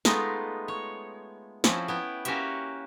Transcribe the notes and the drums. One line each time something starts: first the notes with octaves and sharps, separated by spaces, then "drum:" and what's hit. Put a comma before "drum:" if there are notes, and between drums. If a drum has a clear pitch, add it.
G#3 A3 B3 D#4 F4, drum: snare
C#5
F3 C4 C#4 E4, drum: snare
B3 E4 G5
A#3 C#4 F#4 G4 C#5 E5, drum: hi-hat